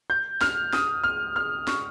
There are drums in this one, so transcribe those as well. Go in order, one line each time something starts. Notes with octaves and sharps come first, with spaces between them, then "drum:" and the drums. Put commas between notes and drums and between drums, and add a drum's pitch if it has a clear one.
G6
F6, drum: snare
D#6, drum: snare
F6
F6
C#6, drum: snare